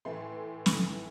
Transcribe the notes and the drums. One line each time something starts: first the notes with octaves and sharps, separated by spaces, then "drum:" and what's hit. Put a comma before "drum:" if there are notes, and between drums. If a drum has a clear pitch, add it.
A2 E3 A3 C6
drum: snare